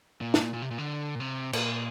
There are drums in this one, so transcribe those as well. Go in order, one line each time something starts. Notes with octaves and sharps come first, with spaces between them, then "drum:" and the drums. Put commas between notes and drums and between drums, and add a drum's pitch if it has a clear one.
A#2
G#2, drum: snare
A#2
A#2
C3
A#2
D3
A#2
C3
A#2, drum: cymbal